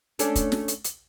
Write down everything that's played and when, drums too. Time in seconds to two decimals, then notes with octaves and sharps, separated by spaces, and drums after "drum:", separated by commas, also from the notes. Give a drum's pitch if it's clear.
0.19 A3 C#4 D4, drum: hi-hat
0.35 drum: kick, hi-hat
0.52 drum: snare
0.68 drum: hi-hat
0.84 drum: hi-hat